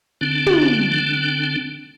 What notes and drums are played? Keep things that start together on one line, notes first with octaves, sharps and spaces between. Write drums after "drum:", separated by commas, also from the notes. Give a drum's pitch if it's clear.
D3 C4 D4
drum: tom